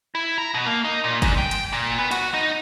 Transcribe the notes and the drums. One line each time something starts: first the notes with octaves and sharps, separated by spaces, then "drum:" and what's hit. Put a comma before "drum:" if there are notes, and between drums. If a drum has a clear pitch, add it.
E4
A#5
B2
A#3
D#4
A#2
G#2, drum: kick F#1, hi-hat
G5
drum: hi-hat
A#2
B3
F#4, drum: hi-hat
D#4